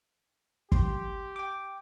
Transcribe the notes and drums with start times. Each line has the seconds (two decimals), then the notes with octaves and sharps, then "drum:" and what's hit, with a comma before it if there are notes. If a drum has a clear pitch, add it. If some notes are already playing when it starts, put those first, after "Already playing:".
0.72 G4 C6, drum: kick
1.36 G5 D6